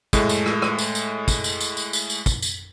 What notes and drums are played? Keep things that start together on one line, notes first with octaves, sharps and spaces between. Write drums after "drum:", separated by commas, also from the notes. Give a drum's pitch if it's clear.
A2 G#3 A3, drum: kick, tambourine
drum: tambourine
drum: rim click
drum: rim click
drum: tambourine
drum: tambourine
drum: kick, tambourine
drum: tambourine
drum: tambourine
drum: tambourine
drum: tambourine
drum: tambourine
drum: kick, tambourine
drum: tambourine